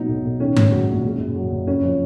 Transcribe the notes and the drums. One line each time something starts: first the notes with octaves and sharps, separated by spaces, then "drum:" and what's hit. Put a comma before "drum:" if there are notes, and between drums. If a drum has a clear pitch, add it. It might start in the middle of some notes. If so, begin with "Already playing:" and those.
Already playing: B2 F#3 D#4
B1
B1
D#3 C#4
G#2, drum: tom G2
F#3
A#1
C#3
F#2
F#3
F#1
F2 C#4
F3